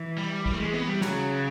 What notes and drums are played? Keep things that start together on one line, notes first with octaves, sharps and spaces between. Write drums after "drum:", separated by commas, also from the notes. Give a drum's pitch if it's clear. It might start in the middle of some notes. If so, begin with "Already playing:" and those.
Already playing: E3
G3
E3 G3, drum: kick
A3
G#3
B3
G3
C#3 F#3, drum: snare